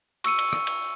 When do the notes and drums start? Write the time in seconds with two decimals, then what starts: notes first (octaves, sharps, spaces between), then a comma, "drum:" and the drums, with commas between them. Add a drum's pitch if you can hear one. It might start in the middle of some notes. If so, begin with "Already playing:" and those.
0.24 C#6 E6 C#7 D#7, drum: cymbal
0.38 drum: cymbal
0.53 drum: rim click
0.67 drum: cymbal